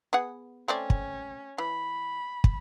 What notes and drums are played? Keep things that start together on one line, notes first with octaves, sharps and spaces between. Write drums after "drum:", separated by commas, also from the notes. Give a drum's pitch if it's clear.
B3 G#4 F#5
A3 C4 C#4 D5
drum: kick
E3 B5
drum: kick